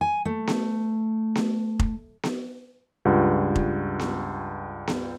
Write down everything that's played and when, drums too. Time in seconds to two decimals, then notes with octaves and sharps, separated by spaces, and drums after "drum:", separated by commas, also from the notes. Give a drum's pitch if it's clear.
0.01 G#5
0.25 A3
0.47 drum: snare B3
1.35 drum: snare B3
1.79 drum: kick F1
2.23 drum: snare B3
3.05 C#2 G2 F4 F#5
3.55 drum: kick F1
3.99 drum: snare B3
4.87 drum: snare B3